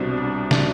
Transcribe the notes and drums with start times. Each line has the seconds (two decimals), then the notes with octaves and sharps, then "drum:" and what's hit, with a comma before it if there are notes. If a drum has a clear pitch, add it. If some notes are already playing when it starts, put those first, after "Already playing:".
Already playing: C2 B2 G3 C4 D4 D5
0.17 D4 D5
0.51 D4 D5, drum: snare